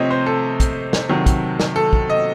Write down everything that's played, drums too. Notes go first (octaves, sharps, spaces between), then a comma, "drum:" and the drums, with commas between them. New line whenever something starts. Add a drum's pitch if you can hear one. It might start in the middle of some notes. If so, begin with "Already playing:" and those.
Already playing: C3 F3 A3 C4 C#5 D#5
C5
A4
drum: kick, hi-hat
drum: snare
C3 D#3 F#3
drum: kick, hi-hat
drum: snare
A4
drum: kick
D#5